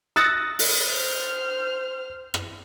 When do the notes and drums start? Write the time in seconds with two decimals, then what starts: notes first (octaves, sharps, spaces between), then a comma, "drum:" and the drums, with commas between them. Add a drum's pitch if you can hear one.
0.16 D#6 E6 F#6 A6 A#6 C#7
0.59 drum: open hi-hat
0.88 C5 F6
2.34 drum: rim click